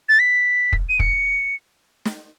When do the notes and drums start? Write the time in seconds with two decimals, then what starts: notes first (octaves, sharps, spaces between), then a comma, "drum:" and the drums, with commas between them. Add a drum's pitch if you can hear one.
0.09 A6
0.19 B6
0.73 drum: kick
0.89 D#7
0.99 C#7, drum: kick
2.05 drum: snare